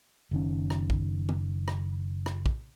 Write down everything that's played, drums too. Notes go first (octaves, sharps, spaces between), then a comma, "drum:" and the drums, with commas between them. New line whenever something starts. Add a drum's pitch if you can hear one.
F#1 D#3 C#4
drum: rim click
drum: kick
drum: tom D#3
drum: rim click
drum: rim click
drum: kick